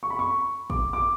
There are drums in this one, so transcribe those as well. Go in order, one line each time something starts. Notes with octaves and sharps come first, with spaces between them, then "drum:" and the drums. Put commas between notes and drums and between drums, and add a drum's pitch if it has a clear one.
C#6
B5
C#6
D6, drum: kick
D6